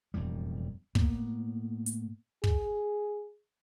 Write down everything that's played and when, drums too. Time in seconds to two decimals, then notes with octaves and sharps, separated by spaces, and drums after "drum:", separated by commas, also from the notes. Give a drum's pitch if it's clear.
0.14 E1 F2 A2 G3
0.95 A2 A#3 B3, drum: kick
1.86 drum: hi-hat
2.44 G#4, drum: kick